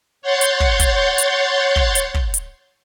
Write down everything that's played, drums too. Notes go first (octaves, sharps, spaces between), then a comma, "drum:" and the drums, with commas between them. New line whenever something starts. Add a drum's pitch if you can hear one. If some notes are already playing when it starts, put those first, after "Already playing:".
C#5 F#5 C6 G6 A6
drum: hi-hat
drum: kick
drum: kick, hi-hat
drum: hi-hat
drum: kick
drum: hi-hat
drum: kick
drum: hi-hat